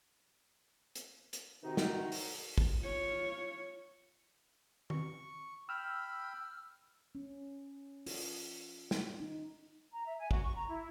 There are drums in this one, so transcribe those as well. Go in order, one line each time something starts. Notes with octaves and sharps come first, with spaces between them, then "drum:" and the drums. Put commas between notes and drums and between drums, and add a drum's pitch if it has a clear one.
drum: hi-hat
drum: hi-hat
C3 D#3 D#4 F#4
drum: snare
drum: open hi-hat
drum: kick
F4 C#5
C#6, drum: tom D#3
G5 B5 E6 F6
C#4
F4, drum: open hi-hat
drum: snare
D#4
A#5
E5
G#5
F#4, drum: kick
C#6
A#5
E4